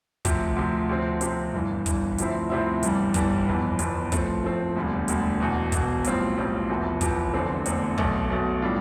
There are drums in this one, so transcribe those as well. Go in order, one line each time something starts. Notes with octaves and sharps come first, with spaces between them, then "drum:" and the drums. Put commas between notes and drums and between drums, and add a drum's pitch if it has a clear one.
D2 C3 F3, drum: kick, hi-hat
D2 C3 F3
D2 C3 F3 C4
D2 C3 F3 C4, drum: hi-hat
G1 G2 E3
G1 G2 E3, drum: kick, hi-hat
D2 C3 F3 C4 E4, drum: hi-hat
D2 C3 F3 C4 E4
G1 G2 E3 G3, drum: hi-hat
G1 G2 E3 G3, drum: kick, hi-hat
G1 F2 E3 B3
G1 F2 E3 B3, drum: hi-hat
A2 F3 A3 C4, drum: kick, hi-hat
A2 F3 A3 C4
E1 D2 D3 G3
E1 D2 D3 G3, drum: hi-hat
E1 E2 B2
E1 E2 B2, drum: kick, hi-hat
B1 A2 G3 C4 F4, drum: hi-hat
B1 A2 G3 C4 F4
E1 E2 C3 F3 B3
E1 E2 C3 F3 B3, drum: kick, hi-hat
F1 E2 D3 A3 C4
F1 E2 D3 A3 C4, drum: hi-hat
B1 B2 A3, drum: kick
B1 B2 A3
A2 G3 D4 F4